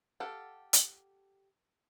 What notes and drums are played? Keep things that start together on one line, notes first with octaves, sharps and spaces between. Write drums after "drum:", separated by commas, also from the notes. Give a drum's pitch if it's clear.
G4 A4 F5 F#5
drum: hi-hat